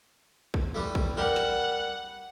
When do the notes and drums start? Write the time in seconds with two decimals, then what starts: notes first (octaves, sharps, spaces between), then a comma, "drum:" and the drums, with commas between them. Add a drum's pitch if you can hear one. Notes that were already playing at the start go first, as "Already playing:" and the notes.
0.54 drum: kick
0.74 E3 G3 A3
0.95 drum: kick
1.17 G3 A#4 F#5
1.36 drum: snare